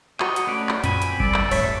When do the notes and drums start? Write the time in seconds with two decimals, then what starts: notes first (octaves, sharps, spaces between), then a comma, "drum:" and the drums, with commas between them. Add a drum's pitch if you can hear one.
0.20 F#4 D#5 C#6, drum: clap
0.36 drum: hi-hat
0.47 A3 C#4 B4 D5
0.69 drum: clap
0.84 F#2 A#2 C4 G#5 B5, drum: hi-hat
1.02 drum: hi-hat
1.20 G3 A4 D5, drum: kick G1
1.34 drum: clap
1.51 D#1 A1 G2 F#3 C#5 E5 C#6, drum: open hi-hat